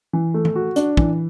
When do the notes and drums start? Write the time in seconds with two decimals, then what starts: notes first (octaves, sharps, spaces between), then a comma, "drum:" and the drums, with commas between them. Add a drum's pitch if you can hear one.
0.13 E3
0.34 A3
0.45 drum: tom D#3
0.55 F#4
0.76 D4, drum: hi-hat
0.97 E3, drum: kick